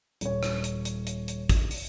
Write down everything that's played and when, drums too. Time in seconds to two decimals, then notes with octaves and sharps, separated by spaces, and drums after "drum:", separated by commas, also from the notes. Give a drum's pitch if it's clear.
0.21 D#1 C#5, drum: hi-hat
0.43 drum: rim click
0.64 drum: hi-hat
0.85 drum: hi-hat
1.07 drum: hi-hat
1.28 drum: hi-hat
1.49 drum: kick, hi-hat
1.71 drum: open hi-hat